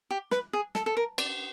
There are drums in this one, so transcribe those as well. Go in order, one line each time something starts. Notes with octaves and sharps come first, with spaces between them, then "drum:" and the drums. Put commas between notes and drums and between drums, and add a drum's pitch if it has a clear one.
G4
B4, drum: snare
G#4
A4, drum: snare
A4
A#4
D5, drum: cymbal